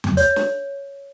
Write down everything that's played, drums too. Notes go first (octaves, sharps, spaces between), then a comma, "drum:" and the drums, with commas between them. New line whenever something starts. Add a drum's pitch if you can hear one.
drum: tom E2
C#5, drum: hi-hat
drum: snare